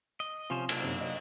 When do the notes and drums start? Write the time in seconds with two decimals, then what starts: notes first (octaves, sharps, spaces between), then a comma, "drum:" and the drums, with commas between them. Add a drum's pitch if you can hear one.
0.20 D#5
0.50 C3 F3 C#4 F4 C5
0.69 F#3 A#3 D4 G#6, drum: cymbal
0.82 F#2 C3 D#4
1.01 D#5